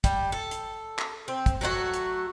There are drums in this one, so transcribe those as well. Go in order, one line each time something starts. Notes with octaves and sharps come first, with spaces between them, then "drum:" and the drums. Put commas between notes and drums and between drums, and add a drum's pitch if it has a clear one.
G3, drum: kick, hi-hat
A4
drum: hi-hat
drum: clap
C4
drum: kick, hi-hat
F#3 A3 D4 F#4
drum: hi-hat